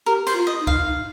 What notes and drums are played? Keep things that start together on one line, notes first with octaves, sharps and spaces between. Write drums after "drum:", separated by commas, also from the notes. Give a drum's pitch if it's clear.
G4 A#4
C5, drum: cymbal
F4
D#5
D#4
F5, drum: kick C2
D#4